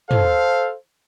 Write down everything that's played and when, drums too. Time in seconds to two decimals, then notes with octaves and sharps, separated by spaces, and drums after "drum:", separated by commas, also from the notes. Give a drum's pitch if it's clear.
0.11 A4 C5 F5, drum: tom